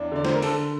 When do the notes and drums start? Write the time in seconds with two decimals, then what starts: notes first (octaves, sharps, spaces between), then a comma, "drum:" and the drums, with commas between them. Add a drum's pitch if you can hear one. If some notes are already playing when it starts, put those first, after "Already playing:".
Already playing: E2 D4
0.12 D3 D5
0.25 C5, drum: snare
0.34 A#4
0.42 D3 A4, drum: open hi-hat